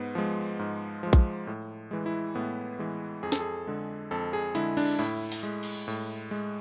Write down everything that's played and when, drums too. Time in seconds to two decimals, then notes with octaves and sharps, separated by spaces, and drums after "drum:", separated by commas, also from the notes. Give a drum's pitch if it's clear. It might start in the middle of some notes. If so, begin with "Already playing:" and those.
Already playing: G#2 B3
0.15 F3 G#3
0.59 G#2
1.03 F3 G#3
1.13 drum: kick A#1
1.47 A2
1.91 E3 G#3
2.06 E4
2.35 A2 B3
2.79 E3 G#3
3.23 F2 G#4
3.32 A4, drum: snare
3.40 G#4
3.67 D3 G#3
4.11 F2 A4
4.33 G#4
4.55 D3 G#3 E4, drum: hi-hat
4.77 D4, drum: cymbal
4.99 A2 E4
5.32 drum: open hi-hat
5.43 G#3
5.63 drum: cymbal
5.88 A2
6.31 G#3